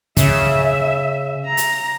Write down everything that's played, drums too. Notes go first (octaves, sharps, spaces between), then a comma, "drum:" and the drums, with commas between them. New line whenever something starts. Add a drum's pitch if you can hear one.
C#3 E5, drum: kick, hi-hat
A#5
drum: hi-hat